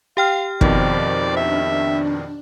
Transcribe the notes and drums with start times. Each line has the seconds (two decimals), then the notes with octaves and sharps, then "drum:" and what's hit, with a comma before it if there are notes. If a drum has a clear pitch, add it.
0.17 G4 F5 G5 F6
0.61 F2 B2 D#3 C5 D5, drum: kick
1.37 D4 E5